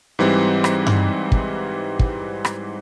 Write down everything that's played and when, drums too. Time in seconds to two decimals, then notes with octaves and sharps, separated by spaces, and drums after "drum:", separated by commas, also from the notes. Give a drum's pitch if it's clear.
0.19 G#2 E3 G3 C4
0.64 drum: rim click
0.87 drum: tom G2
1.32 drum: kick
1.99 drum: kick
2.45 drum: rim click